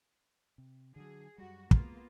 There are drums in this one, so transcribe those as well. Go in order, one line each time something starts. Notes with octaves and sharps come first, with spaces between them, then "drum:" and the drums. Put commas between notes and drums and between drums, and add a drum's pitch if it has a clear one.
C3
D3 E3 F#3 G#4
F#2 G3 F#4
G#3 A#3 B3 F4, drum: kick